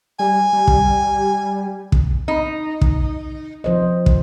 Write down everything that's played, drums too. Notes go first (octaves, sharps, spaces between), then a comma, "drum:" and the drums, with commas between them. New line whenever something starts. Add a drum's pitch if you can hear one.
G3 G#5
G3
drum: kick
drum: kick
D#4
drum: kick
F3 C5 D#5
drum: kick